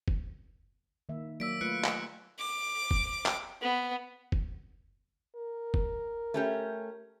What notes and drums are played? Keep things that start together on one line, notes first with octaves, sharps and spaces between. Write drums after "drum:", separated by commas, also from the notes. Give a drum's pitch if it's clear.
drum: kick F1
D#3 A#3 E5
F#3 A#3 D5 E6 B6 D7
A3 F4 B4 F#6 C#7 D7
drum: clap
D6
drum: kick F1
drum: clap
B3
drum: kick F1
A#4
drum: kick F1
A3 C#4 G4